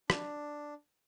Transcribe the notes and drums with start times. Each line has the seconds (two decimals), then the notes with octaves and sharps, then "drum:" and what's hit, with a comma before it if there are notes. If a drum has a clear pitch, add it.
0.10 D4, drum: rim click